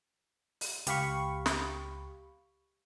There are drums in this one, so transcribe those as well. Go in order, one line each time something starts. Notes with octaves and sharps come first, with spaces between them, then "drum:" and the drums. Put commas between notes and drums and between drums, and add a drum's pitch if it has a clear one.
drum: open hi-hat
C#2 G4 F5 B5 C#6, drum: hi-hat
drum: snare